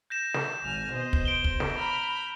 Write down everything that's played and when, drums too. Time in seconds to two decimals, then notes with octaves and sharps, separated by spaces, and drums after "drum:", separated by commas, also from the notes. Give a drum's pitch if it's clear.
0.10 G6 A#6 E7
0.34 drum: snare
0.63 G#1 G#5 F6
0.93 B2 C5 D#5
1.13 drum: kick
1.25 D7 G7
1.44 drum: kick
1.60 drum: snare
1.76 A#5 B5 F6